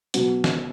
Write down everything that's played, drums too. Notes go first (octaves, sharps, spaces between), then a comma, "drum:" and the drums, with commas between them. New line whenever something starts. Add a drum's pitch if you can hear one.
B2 F#3 B3, drum: hi-hat
drum: snare